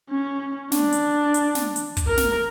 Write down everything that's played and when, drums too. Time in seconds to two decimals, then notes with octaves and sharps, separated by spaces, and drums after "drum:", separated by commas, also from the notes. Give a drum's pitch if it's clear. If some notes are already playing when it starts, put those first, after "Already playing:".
0.10 C#4
0.72 D4, drum: snare
0.92 drum: hi-hat
1.34 drum: hi-hat
1.55 drum: snare
1.76 drum: hi-hat
1.97 drum: kick, hi-hat
2.07 A#4
2.17 drum: snare